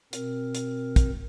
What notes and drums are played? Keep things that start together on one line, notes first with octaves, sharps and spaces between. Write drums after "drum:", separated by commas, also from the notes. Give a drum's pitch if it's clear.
B2 C4 A#4, drum: hi-hat
drum: hi-hat
drum: kick, hi-hat